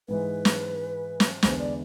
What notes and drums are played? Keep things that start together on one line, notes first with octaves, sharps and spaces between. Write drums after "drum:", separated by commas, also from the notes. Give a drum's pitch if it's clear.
G#2 E3 G#3 B4
drum: snare
drum: snare
E2 D3 G#3 B3 C5, drum: snare
D5